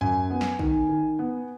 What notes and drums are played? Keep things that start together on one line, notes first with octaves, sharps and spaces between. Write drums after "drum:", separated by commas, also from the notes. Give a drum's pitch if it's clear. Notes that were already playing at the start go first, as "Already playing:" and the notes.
F#2 G#5
B3
drum: snare
D#3, drum: kick
D#3
B3